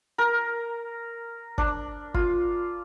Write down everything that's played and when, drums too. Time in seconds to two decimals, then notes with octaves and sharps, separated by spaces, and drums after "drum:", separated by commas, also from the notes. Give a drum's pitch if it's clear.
0.18 A#4
1.58 D4, drum: kick G1
2.14 F4, drum: kick G1